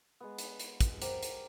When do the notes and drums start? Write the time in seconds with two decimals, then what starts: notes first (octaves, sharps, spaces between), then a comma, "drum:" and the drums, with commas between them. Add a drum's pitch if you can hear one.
0.20 G#3 B3
0.39 drum: hi-hat
0.60 drum: hi-hat
0.81 drum: kick, hi-hat
1.02 G4 A#4 C5 F#5, drum: hi-hat
1.23 drum: hi-hat